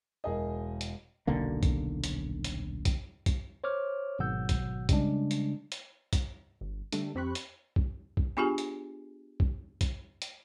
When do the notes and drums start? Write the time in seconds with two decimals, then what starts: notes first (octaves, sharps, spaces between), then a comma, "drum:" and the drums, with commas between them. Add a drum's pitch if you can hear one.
0.24 E1 G#4 A#4 D#5
0.81 drum: hi-hat
1.27 D#1 B1 D3 A#3
1.63 drum: kick, hi-hat
2.04 drum: hi-hat
2.44 drum: hi-hat
2.85 drum: kick, hi-hat
3.26 drum: kick, hi-hat
3.64 C5 C#5 D6 F6
4.19 G#1 B2 F#3 F#5 E6 G6
4.49 drum: kick, hi-hat
4.89 C#3 G3 G#3 D4, drum: kick, hi-hat
5.31 drum: hi-hat
5.72 drum: hi-hat
6.13 drum: kick, hi-hat
6.61 G1
6.92 D3 G3 A3 D4, drum: hi-hat
7.15 F2 C4 G4 B5 C#6 F#6
7.35 drum: hi-hat
7.76 drum: kick
8.17 drum: kick
8.37 B3 D4 F4 G4 G#4 G#5
8.58 drum: hi-hat
9.40 drum: kick
9.81 drum: kick, hi-hat
10.22 drum: hi-hat